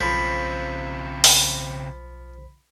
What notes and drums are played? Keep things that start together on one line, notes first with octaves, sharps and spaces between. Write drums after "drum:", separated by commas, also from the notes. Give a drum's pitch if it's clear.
B1 C#3 F3 C4 C5 B5 B6
drum: open hi-hat